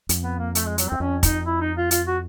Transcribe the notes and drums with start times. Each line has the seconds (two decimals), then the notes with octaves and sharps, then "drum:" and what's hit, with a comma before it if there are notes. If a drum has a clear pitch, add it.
0.09 F2, drum: hi-hat
0.23 B3
0.39 A#3
0.55 A3, drum: hi-hat
0.66 G#3
0.78 F#3, drum: hi-hat
0.89 C4
0.92 E2
1.00 F2 C#4
1.23 D#4, drum: kick, hi-hat
1.46 E4
1.61 D#4
1.77 F4
1.91 F4, drum: hi-hat
2.07 F#4